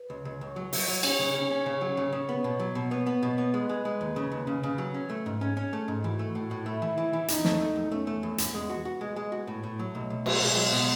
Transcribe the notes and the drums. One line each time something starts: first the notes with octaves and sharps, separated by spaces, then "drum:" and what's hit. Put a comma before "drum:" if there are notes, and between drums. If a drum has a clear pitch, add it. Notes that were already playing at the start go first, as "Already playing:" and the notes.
Already playing: B4
C#2
C#2
C#2 C#5
F#3
F#3, drum: open hi-hat
F#3
C#4 C#5, drum: cymbal
C#3
C#4
C#4
C#3
F#3
C#3
C#3
B3
B2
F#3
B2
B3 C#5
B3
B2
B3
G#3 B4
G#3
G#3
D#2
C#3
D#2
C#3
C#3
F#3
C#4
A3
G#2
C#4 G#4
C#4
A3
G#2
E3 F#4
A3
A2
A2
A3 E4
E3
E3
E3
E2 D#4, drum: hi-hat
A3, drum: snare
A3
E2
A3 C#4
A3
E2
E2, drum: hi-hat
G#3 B3
F#4
F#4
G#3
G#3
F#4
A2
A2
F#3 A3
B1
B1
F#3, drum: cymbal
B1 G#3
F#3
B2